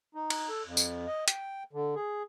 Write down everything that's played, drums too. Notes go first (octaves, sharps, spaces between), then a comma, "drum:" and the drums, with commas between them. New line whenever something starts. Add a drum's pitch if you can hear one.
D#4
drum: cymbal
A4
F2
drum: tambourine
D#5
G5, drum: hi-hat
D3
G#4